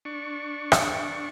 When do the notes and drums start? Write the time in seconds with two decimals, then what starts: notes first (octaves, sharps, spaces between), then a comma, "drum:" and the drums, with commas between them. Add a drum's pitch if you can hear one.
0.05 D4 C#6
0.72 drum: rim click